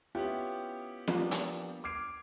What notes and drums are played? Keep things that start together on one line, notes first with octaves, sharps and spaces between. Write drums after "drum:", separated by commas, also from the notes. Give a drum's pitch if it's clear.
B3 C#4 E4 F4 G4
F3 G3 A#3 B3 D4, drum: snare
drum: hi-hat
D6 F6 G#6 C7 D7